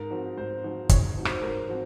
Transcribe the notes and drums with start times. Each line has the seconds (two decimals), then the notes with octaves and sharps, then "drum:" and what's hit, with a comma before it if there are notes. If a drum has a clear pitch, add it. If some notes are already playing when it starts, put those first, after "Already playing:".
Already playing: G#2 A#4
0.10 F3 C4 D#4 F#4
0.37 G#2 C5
0.64 F3 C4 D#4 F#4
0.89 G#2 C#5, drum: kick, hi-hat
1.17 F3 C4 D#4 F#4
1.25 C5, drum: rim click
1.42 G#2 A#4
1.69 F3 C4 F#4